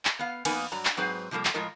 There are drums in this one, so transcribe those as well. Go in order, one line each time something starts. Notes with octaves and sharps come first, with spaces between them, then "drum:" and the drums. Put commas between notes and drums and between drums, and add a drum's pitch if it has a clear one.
drum: clap
B3 F5
F2 A#3 B3 D#4 B4 G#5, drum: cymbal
G2 F#3 D5 A#5
drum: clap
G#2 F#3 C4 G#4 B4 C5
C3 F3 G3 A#3 A4
drum: clap
A2 F3 G#3 F4 A#4 D#5